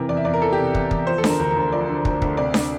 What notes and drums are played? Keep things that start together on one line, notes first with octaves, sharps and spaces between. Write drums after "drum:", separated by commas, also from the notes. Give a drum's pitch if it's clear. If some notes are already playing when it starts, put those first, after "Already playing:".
Already playing: C3 E3 A#4
E2 D5
E5
E2 D5
A#4
E3 A4
G4
C3
E2, drum: kick
E2, drum: kick
F3 C5
A4
D3, drum: snare D4
A#4
D2 A#4
A#4
D2
F3 D5
D3
D2, drum: kick
D2, drum: kick
C3 D5
drum: snare D4